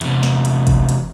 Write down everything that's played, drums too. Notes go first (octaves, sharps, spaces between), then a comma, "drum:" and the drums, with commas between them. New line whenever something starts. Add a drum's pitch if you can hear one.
E2 C3, drum: hi-hat
drum: snare
drum: hi-hat
drum: kick, hi-hat
drum: hi-hat